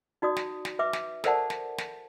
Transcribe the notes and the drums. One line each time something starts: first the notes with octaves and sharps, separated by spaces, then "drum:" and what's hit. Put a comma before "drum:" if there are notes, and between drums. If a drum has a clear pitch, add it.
D#4 F#4 D5 D#6
drum: snare
drum: snare
B4 E5 D6
drum: snare
A4 A#4 C5 D5 F#5 A5, drum: snare
drum: snare
drum: snare